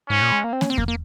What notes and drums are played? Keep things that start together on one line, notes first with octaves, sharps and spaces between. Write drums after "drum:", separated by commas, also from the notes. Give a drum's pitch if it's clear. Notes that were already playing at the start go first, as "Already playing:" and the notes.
G#2 C#4
A#2
G#3
A#3
C4
C#4, drum: snare A#3
C4
A#3, drum: kick E2
A#3